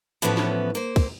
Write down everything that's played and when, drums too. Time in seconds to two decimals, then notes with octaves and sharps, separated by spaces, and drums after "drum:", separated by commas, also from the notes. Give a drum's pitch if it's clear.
0.22 A2 E3 F3 B3 C#4
0.37 drum: snare
0.75 A#3 C5
0.96 drum: kick, cymbal